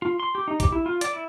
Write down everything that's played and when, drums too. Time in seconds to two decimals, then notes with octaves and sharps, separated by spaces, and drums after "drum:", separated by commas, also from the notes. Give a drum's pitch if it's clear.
0.02 F4
0.20 C6
0.35 G4
0.48 D#4
0.60 G4, drum: kick, hi-hat
0.72 E4
0.86 F4
1.01 D5, drum: hi-hat
1.13 E4